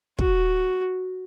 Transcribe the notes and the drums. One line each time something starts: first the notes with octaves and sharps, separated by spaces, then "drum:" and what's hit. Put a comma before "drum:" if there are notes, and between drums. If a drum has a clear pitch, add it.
F#4, drum: kick